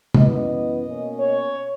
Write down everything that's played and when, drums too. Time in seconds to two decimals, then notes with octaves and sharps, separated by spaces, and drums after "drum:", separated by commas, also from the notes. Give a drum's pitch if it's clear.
0.15 F#2 E3 B3 D#5, drum: tom
0.85 B2 A#3 C#4
1.19 C#5